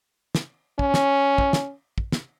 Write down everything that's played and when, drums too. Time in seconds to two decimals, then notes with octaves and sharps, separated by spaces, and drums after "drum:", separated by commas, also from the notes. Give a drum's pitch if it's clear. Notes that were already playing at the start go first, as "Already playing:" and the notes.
0.35 drum: snare
0.79 C#4, drum: kick
0.94 drum: snare
1.38 drum: kick
1.53 drum: snare
1.98 drum: kick
2.12 drum: snare